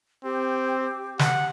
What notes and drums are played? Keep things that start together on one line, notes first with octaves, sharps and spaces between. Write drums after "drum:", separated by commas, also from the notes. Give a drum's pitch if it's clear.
C4 G4
F#5, drum: snare